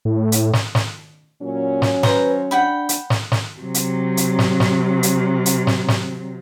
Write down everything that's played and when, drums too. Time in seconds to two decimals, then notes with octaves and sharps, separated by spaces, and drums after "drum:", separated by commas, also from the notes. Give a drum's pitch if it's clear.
0.05 A2
0.32 drum: hi-hat
0.53 drum: snare
0.75 drum: snare
1.42 A#2 F#3 C#4
1.82 drum: snare
2.03 B4 C5 A#5, drum: snare
2.51 D4 F#5 G5 B5
2.89 drum: hi-hat
3.10 drum: snare
3.32 drum: snare
3.61 C3 F#3
3.74 drum: hi-hat
4.17 drum: hi-hat
4.39 drum: snare
4.60 drum: snare
5.03 drum: hi-hat
5.46 drum: hi-hat
5.67 drum: snare
5.88 drum: snare